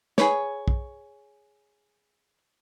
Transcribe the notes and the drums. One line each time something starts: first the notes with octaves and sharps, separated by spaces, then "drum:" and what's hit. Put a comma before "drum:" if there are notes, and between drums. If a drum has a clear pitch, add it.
G#4 B4 C#5, drum: snare
drum: kick